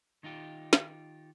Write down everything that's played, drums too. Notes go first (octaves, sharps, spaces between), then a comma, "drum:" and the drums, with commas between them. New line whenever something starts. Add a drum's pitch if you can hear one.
D#3 D#4 F4 G4
drum: snare